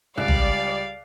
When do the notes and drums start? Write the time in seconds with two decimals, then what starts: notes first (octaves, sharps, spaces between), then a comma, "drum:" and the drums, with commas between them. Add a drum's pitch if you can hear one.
0.18 C#2 G3 D5 F5 F#6
0.28 drum: tom